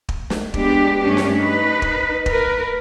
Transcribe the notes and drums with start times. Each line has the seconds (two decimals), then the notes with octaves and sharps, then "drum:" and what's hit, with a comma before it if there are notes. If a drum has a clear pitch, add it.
0.09 drum: kick
0.30 drum: snare
0.54 G#3 B3 D4 G4, drum: kick
1.00 G2 A3 C#4 D4 G4
1.17 drum: snare
1.39 D#4 B4
1.82 drum: kick
2.26 A#4 B4, drum: kick